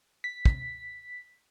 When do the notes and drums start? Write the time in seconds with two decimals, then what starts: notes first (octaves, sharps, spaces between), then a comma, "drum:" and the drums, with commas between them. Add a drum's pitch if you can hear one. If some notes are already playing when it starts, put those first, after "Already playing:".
0.24 B6
0.45 drum: kick